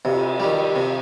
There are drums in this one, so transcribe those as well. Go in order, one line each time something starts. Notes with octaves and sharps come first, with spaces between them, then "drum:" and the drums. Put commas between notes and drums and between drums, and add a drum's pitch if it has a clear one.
C3, drum: cymbal
D#3 G3
C3